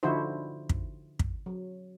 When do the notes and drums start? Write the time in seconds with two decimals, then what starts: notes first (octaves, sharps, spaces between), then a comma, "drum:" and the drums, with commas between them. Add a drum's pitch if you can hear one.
0.03 D3 F3 D#4 E4 F#4 C5
0.69 drum: kick
1.19 drum: kick
1.46 F#3